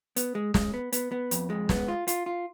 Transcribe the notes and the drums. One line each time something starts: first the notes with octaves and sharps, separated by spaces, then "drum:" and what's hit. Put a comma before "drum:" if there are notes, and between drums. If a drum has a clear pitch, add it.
B3, drum: hi-hat
G#3
G#3, drum: snare
B3
B3, drum: hi-hat
B3
F2, drum: hi-hat
G#3
B3, drum: snare
F4
F4, drum: hi-hat
F4